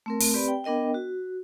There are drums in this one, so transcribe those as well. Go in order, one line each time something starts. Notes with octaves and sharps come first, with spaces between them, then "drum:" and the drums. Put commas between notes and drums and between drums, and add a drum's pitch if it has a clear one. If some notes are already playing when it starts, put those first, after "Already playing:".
A3 C4 A#4
drum: open hi-hat
C4 G4 B4 D5 B5
G5
B3 D4 A#4 D#5 G5
F#4